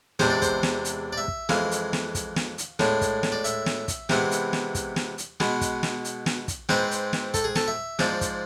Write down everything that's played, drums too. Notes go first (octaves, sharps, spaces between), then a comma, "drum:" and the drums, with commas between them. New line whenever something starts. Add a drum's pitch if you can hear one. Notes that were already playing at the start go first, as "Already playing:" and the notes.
E2 C3 G#3 D4 C5, drum: snare
D5
C5, drum: kick, hi-hat
drum: snare
drum: hi-hat
D5
E5
drum: kick
F2 E3 G#3 F5, drum: snare
drum: hi-hat
drum: snare
drum: kick, hi-hat
drum: snare
drum: hi-hat
A2 G#3 D4, drum: snare
drum: kick, hi-hat
drum: snare
D5
E5, drum: hi-hat
drum: snare
drum: kick, hi-hat
C3 E3 G#3 B3, drum: snare
drum: hi-hat
drum: snare
drum: kick, hi-hat
drum: snare
drum: hi-hat
B2 G#3 B3, drum: snare
drum: kick, hi-hat
drum: snare
drum: hi-hat
drum: snare
drum: kick, hi-hat
G#2 G#3 C4 B4, drum: snare
drum: hi-hat
drum: snare
A4, drum: kick, hi-hat
G#4
A4, drum: snare
E5
G#2 F3 G#3 D5, drum: snare
drum: kick, hi-hat